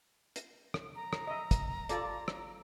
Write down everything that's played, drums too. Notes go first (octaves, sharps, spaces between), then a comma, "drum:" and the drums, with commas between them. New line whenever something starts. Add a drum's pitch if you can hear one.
drum: hi-hat
drum: rim click
A#5
drum: rim click
D#5 E5
drum: kick, hi-hat
F4 A4 D5, drum: hi-hat
drum: rim click